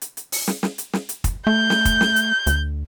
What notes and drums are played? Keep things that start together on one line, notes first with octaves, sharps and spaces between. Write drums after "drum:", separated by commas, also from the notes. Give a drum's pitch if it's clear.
drum: hi-hat
drum: hi-hat
drum: open hi-hat
drum: snare
drum: snare
drum: hi-hat
drum: snare
drum: hi-hat
drum: kick, hi-hat
A3 G6
drum: snare
drum: kick, hi-hat
drum: snare
drum: hi-hat
D2, drum: hi-hat